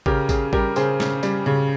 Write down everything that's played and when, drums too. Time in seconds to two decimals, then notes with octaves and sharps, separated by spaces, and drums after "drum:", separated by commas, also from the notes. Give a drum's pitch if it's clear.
0.06 C#3 G4 A#4, drum: kick A1
0.29 C#3 G#4, drum: kick A1, tambourine
0.53 G3 G4 A#4, drum: kick A1
0.76 C#3 G#4 C5, drum: tambourine
1.00 C#3, drum: snare
1.23 G3, drum: tambourine
1.46 C#3